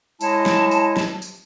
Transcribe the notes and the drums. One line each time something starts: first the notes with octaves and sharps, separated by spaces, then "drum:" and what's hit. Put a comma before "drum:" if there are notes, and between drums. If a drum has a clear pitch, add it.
G#3 E4 C#5 D#5 G#5 A5, drum: tambourine
drum: snare
drum: tambourine
drum: snare
drum: tambourine